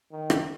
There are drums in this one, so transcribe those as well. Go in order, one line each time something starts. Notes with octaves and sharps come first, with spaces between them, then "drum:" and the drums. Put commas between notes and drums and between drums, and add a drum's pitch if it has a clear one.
D#3
drum: rim click